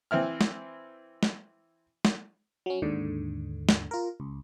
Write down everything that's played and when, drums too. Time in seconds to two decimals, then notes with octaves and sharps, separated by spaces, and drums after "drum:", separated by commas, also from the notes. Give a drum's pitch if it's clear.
0.11 E3 C4 E4 F6
0.41 drum: snare
1.23 drum: snare
2.05 drum: snare
2.66 F#3 C#4
2.82 D#2 G#2 D3
3.69 drum: snare
3.91 F4 A#4
4.20 C#2